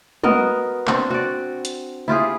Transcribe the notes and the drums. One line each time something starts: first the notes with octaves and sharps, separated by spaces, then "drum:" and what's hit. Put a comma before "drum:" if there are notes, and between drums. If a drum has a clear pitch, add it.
B3 F#4 A#4 D#5, drum: tom
C4 D4, drum: clap
F#4 D5
drum: hi-hat
E4 F4 G4 G#4